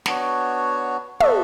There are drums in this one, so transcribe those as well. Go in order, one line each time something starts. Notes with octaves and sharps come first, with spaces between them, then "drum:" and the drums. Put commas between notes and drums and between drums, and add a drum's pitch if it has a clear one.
B3 D4 F#4 C#5, drum: snare
B3 F#4 A4 E5, drum: tom